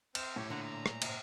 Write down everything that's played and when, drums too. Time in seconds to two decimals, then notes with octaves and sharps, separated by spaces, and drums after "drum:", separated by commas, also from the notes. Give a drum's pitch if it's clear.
0.15 C4 C5 F6 E7, drum: cymbal
0.36 A2 G4 C#5
0.50 A#2 D3 F#5 A#5
0.65 A#5
0.86 drum: rim click
1.02 C#2 G#2, drum: cymbal